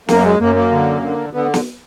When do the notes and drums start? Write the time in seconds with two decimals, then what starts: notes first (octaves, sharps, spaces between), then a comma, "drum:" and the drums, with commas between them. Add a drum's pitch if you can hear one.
0.09 F#2 A#3, drum: snare
0.24 G#3
0.39 F#2 A#3
0.55 A#3
0.71 D3
1.02 D3
1.33 D3 B3
1.54 drum: snare